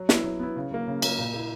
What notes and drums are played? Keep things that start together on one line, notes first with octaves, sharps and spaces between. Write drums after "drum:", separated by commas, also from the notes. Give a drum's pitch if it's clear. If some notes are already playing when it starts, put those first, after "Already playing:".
Already playing: F#3
B3 E4, drum: snare
F#3
B3 E4
C#3
F#3 A#3
C#3
F#3 A#3, drum: cymbal
A#2
A#3 E4